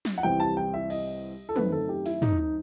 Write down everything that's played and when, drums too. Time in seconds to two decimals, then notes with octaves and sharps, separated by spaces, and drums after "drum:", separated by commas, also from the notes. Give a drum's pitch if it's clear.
0.05 drum: snare
0.18 F#5
0.23 C2 C3 E3 G3 C4 G5
0.40 A5
0.57 G5
0.74 E5
0.90 D#5, drum: cymbal
1.49 A4
1.56 F#2 D#3 A3 C4 B4, drum: tom
1.72 A4
1.89 G4
2.06 E4, drum: open hi-hat
2.22 D#4, drum: tom
2.38 D#4